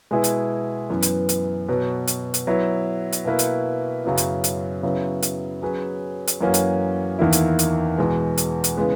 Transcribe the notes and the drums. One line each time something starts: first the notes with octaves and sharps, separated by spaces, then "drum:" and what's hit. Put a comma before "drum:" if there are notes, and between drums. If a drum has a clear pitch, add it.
B2 G#3 B3 E4 G#4
drum: hi-hat
F#2 E3 B3
drum: hi-hat
drum: hi-hat
B2 F#3 B3
drum: hi-hat
drum: hi-hat
F#3 B3 E4 B4
drum: hi-hat
B2 A#3 E4 B4
drum: hi-hat
F#2 C#3 F#3 B3 E4
drum: hi-hat
drum: hi-hat
C#3 F#3 B3 E4
drum: hi-hat
F#3 C#4 G#4 B4
drum: hi-hat
F#2 E3 A#3 C#4 F#4
drum: hi-hat
E2 D#3 A#3 E4
drum: hi-hat
drum: hi-hat
E2 B2 G#3
drum: hi-hat
drum: hi-hat
C#3 E3 G#3 B3